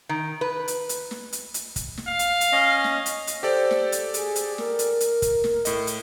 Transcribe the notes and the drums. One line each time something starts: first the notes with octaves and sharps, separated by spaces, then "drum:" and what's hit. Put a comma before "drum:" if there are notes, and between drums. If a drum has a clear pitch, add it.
D#3
B4
drum: hi-hat
drum: hi-hat
drum: snare
drum: hi-hat
drum: hi-hat
drum: kick, hi-hat
drum: snare
F5
drum: hi-hat
drum: hi-hat
C#4 D#5
drum: snare
drum: hi-hat
drum: hi-hat
G4 A4 C5 D5
drum: snare
drum: hi-hat
G#4, drum: hi-hat
drum: hi-hat
A#4, drum: snare
drum: hi-hat
drum: hi-hat
drum: kick, hi-hat
drum: snare
A2 D#5, drum: hi-hat
drum: hi-hat